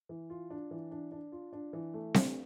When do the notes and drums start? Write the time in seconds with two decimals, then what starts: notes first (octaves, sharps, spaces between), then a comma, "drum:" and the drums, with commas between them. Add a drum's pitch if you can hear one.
0.09 E3
0.30 F4
0.50 D4
0.71 E3
0.91 D4
1.12 D4
1.32 F4
1.53 D4
1.73 E3
1.94 A3
2.14 D4, drum: snare C4